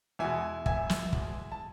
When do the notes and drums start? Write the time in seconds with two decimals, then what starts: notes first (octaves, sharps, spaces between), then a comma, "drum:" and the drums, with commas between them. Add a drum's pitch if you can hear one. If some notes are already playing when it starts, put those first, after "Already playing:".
0.19 E2 B2 G#3 E5 G#5
0.66 E1 E5 G#5, drum: kick
0.90 drum: snare
1.13 E2 B2 G#3, drum: kick
1.52 A5